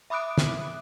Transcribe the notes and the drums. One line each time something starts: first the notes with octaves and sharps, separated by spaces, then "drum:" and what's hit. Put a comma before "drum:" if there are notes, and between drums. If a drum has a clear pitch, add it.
E5 B5 D6 D#6 F#6 D7
drum: snare